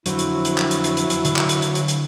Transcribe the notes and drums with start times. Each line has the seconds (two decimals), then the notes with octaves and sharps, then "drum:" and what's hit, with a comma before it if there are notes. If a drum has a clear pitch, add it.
0.06 F2 D3 F#3 E4 C5, drum: hi-hat
0.19 drum: hi-hat
0.45 drum: hi-hat
0.58 drum: clap
0.71 drum: hi-hat
0.84 drum: hi-hat
0.97 drum: hi-hat
1.10 drum: hi-hat
1.25 D3 C#5, drum: hi-hat
1.36 drum: clap
1.49 drum: hi-hat
1.62 drum: hi-hat
1.75 drum: hi-hat
1.88 drum: hi-hat